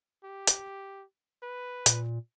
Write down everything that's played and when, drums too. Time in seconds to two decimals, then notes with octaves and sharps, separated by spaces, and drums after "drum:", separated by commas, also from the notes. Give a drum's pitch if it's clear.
0.24 G4
0.47 drum: hi-hat
1.43 B4
1.86 A#2, drum: hi-hat